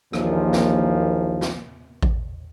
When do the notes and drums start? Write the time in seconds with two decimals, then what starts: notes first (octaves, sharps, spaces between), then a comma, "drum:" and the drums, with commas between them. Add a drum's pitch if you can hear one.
0.13 A#1 D#2 A#2 E3 F3, drum: rim click
0.53 drum: snare
1.41 drum: snare
2.03 drum: kick A1